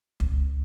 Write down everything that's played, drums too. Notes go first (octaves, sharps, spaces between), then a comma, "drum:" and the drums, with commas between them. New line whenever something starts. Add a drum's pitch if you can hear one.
C#2, drum: kick